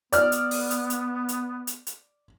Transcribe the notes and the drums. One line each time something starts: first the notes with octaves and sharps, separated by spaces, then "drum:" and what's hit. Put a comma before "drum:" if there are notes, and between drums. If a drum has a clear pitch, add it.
B3 D5 F6, drum: hi-hat
drum: hi-hat
drum: open hi-hat
drum: hi-hat
drum: hi-hat
drum: hi-hat
drum: hi-hat
drum: hi-hat